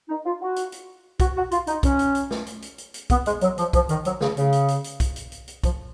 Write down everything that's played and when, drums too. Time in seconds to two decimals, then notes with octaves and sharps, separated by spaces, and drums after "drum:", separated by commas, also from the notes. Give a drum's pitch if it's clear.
0.09 D#4
0.25 F4
0.40 F#4
0.56 drum: hi-hat
0.72 drum: hi-hat
1.20 F#4, drum: kick, hi-hat
1.36 F#4
1.51 F4, drum: hi-hat
1.67 D#4, drum: hi-hat
1.83 C#4, drum: kick, hi-hat
1.99 drum: hi-hat
2.15 drum: hi-hat
2.31 drum: snare
2.46 drum: hi-hat
2.62 drum: hi-hat
2.78 drum: hi-hat
2.94 drum: hi-hat
3.10 B3, drum: kick, hi-hat
3.26 G#3, drum: hi-hat
3.41 F#3, drum: hi-hat
3.58 F3, drum: hi-hat
3.73 F3, drum: kick, hi-hat
3.89 D#3, drum: hi-hat
4.05 F#3, drum: hi-hat
4.20 C#3, drum: snare
4.37 C#3, drum: hi-hat
4.52 drum: hi-hat
4.68 drum: hi-hat
4.84 drum: hi-hat
5.00 drum: kick, hi-hat
5.16 drum: hi-hat
5.32 drum: hi-hat
5.48 drum: hi-hat
5.64 F3, drum: kick, hi-hat